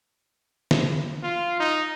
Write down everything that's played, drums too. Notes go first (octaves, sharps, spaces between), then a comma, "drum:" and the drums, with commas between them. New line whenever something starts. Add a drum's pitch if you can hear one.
drum: snare
F4
D#4